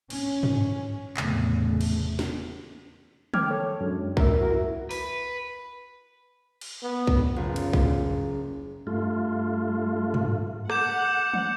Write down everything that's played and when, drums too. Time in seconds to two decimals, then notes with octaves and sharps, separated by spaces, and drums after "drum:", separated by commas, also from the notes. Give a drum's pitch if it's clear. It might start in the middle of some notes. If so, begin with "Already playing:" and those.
0.10 C#4, drum: cymbal
0.43 drum: tom G2
1.17 F1 E2 A2 C#3 A3, drum: clap
1.81 drum: cymbal
2.19 drum: snare
3.34 G5 D6 F6 G#6, drum: tom
3.51 A4 C#5
3.81 F#2 G#3 D4
4.17 A#4 E5, drum: kick
4.39 E4 F#4 A#4
4.91 B4, drum: open hi-hat
6.61 drum: cymbal
6.83 B3
7.07 drum: kick
7.36 F#1 F4
7.56 drum: cymbal
7.73 drum: kick
8.87 G2 A3 F4
10.14 drum: tom G2
10.70 F#5 D6 G6 E7, drum: rim click
11.34 drum: tom